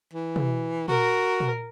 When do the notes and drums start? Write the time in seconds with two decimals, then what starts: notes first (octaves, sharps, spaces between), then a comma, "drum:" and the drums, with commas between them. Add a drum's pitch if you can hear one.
0.13 E3
0.36 drum: tom B2
0.88 F#4 A#4, drum: tom A#2
1.40 drum: tom A#2